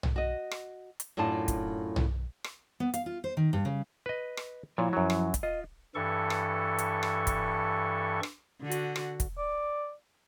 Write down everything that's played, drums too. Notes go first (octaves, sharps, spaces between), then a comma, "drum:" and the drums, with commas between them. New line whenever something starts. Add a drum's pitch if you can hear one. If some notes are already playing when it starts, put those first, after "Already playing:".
drum: tom B1
F#4 D#5
drum: rim click
drum: hi-hat
F#2 A2 D4 F4 A5
drum: kick, hi-hat
drum: tom B1
drum: rim click
B3
F5, drum: hi-hat
F4
C5
D#3
G2
C#3
B4 D#5
drum: rim click
A#2 F3 E4 C#5
F#2 F#3
drum: rim click
drum: kick, hi-hat
F4 D#5
G2 E3 A4 C#6
drum: rim click
drum: hi-hat
drum: rim click
drum: kick, hi-hat
drum: rim click
D3 F#4
drum: hi-hat
drum: rim click
drum: kick, hi-hat
D5